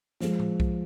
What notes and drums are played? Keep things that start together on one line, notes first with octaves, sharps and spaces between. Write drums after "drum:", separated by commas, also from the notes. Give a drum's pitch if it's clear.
F3 G#3, drum: snare
drum: tom A2
drum: kick B1